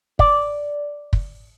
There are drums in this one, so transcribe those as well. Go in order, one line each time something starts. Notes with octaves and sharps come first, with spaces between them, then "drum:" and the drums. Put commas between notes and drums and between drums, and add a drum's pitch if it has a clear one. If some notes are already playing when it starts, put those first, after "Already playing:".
D5, drum: kick
drum: kick